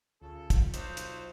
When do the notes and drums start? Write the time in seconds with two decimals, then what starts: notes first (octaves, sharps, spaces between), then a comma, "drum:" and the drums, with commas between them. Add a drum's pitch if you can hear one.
0.22 D2 C#3 F4 A4
0.50 drum: kick, hi-hat
0.74 B1 C5, drum: hi-hat
0.97 drum: hi-hat